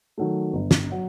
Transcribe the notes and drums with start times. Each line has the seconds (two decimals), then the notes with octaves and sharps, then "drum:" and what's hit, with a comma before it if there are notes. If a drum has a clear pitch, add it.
0.18 D#3 F#3 A3
0.53 G1
0.71 drum: snare
0.91 F#3